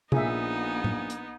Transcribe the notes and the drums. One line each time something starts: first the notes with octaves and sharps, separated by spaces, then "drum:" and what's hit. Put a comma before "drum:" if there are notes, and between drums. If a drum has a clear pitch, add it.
A#1 A#2 B3 D#4 G#4 E5, drum: tom
drum: tom A2
drum: hi-hat